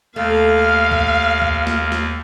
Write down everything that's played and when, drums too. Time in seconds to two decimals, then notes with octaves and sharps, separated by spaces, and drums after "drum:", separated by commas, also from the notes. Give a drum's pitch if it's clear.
0.16 D#2 A3 F5
0.91 drum: kick C2
1.42 drum: kick C2
1.67 drum: snare
1.92 drum: snare